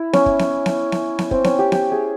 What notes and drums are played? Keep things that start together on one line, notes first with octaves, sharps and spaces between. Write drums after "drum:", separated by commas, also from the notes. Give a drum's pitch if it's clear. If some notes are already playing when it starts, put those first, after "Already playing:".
Already playing: E4
C#4, drum: snare B3
drum: kick
drum: snare B3
drum: snare B3
drum: snare B3
drum: snare B3
C4, drum: kick
C#4, drum: snare B3
G4
G4, drum: snare B3
G#4